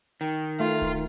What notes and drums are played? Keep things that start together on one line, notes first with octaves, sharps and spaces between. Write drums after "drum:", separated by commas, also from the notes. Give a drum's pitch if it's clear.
D#3
A3 F4
drum: kick D1